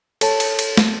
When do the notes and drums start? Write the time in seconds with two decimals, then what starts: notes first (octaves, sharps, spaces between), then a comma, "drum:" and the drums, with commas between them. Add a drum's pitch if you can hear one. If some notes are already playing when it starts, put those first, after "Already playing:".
0.21 A4 C#5 A5, drum: cymbal
0.40 drum: cymbal
0.59 drum: cymbal
0.77 drum: snare